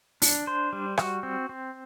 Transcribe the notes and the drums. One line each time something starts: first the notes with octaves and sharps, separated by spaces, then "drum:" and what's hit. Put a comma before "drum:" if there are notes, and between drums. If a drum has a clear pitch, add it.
D4, drum: open hi-hat
C5
G3
F#4, drum: rim click
C4
C4